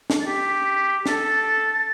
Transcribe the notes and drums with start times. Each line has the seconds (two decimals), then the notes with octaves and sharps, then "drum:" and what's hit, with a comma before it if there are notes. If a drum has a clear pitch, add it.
0.10 drum: snare
0.20 A6
0.27 G4 B6
1.06 A4 A6, drum: snare